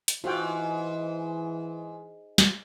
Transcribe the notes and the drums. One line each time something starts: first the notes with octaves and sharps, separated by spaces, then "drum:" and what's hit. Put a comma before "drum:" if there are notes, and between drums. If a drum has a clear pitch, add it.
drum: hi-hat
G#2 E3 F4 F#4 G5
drum: snare